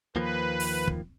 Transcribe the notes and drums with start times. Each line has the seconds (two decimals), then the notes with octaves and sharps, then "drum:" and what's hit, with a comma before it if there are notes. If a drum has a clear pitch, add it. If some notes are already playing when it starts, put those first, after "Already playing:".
0.16 D#2 F3 A#3 B4
0.60 drum: open hi-hat
0.87 drum: kick